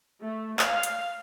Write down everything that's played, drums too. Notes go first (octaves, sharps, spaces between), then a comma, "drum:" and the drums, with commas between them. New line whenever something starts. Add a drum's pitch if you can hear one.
A3
F5, drum: clap
drum: hi-hat